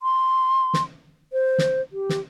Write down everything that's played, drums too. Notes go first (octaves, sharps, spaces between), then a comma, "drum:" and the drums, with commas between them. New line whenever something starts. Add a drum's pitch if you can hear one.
C6
drum: snare
C5
drum: snare
G4
drum: snare